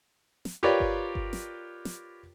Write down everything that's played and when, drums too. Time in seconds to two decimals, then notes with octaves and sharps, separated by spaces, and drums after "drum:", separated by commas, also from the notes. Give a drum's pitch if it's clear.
0.45 drum: snare
0.63 F4 G4 A#4 B4 C#5 D5
0.80 drum: kick G1
1.15 drum: kick G1
1.33 drum: snare
1.85 drum: snare